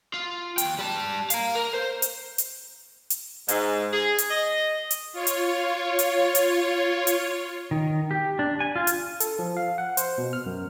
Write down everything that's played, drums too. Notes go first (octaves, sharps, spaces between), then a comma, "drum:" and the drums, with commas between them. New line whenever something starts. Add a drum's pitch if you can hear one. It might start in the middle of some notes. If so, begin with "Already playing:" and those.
F4
D#2 G5, drum: hi-hat
G3 A5
F5 A#5, drum: hi-hat
A#4
C5
drum: hi-hat
drum: hi-hat
drum: hi-hat
G#2, drum: hi-hat
G#4
drum: hi-hat
D#5
drum: hi-hat
F4 C#5
drum: hi-hat
drum: hi-hat
drum: hi-hat
drum: hi-hat
D#3
G4
D4
G#5
F4
drum: hi-hat
A4, drum: hi-hat
F3
F5
F#5
C5, drum: hi-hat
B2
F6
F#2